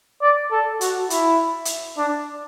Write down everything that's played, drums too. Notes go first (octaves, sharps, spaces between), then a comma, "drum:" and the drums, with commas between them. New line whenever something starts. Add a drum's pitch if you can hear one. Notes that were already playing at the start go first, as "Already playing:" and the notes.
D5
A4
F#4, drum: hi-hat
E4, drum: hi-hat
drum: hi-hat
D4